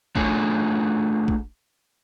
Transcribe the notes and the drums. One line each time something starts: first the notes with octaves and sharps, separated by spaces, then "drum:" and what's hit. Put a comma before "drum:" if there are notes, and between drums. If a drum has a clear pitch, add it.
A3 D4 F4 G#4 A4 C#5, drum: kick
drum: kick